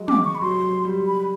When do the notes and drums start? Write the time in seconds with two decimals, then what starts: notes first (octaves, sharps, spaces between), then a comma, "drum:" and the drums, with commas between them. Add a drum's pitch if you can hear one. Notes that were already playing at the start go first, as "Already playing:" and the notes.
Already playing: F#3 G#3
0.08 D6, drum: tom
0.25 C#6
0.35 B5
0.41 F#3 C6
0.63 F#3
0.85 G3
1.07 B5